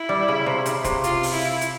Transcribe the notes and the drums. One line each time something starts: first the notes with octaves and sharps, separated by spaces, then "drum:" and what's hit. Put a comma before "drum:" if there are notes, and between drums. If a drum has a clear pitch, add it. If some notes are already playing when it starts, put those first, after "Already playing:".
Already playing: E4
G3
C#3
C3
C#3, drum: hi-hat
C3, drum: kick, hi-hat
F4, drum: hi-hat
drum: open hi-hat
E4
drum: hi-hat